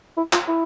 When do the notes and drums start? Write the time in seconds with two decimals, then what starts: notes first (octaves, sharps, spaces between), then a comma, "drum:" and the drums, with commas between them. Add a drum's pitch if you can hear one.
0.17 E4
0.33 F4, drum: clap
0.48 E4